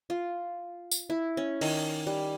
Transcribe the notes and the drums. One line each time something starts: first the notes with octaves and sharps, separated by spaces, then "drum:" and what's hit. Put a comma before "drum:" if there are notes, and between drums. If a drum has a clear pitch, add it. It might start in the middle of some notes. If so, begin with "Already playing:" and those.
F4
drum: tambourine
E4
C#4
D#3, drum: open hi-hat
G3